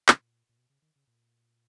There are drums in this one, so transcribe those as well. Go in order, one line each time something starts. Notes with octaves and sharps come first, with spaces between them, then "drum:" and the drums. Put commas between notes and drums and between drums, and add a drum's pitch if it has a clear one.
A#2, drum: clap
A#2
B2
C#3
D#3
C#3
A#2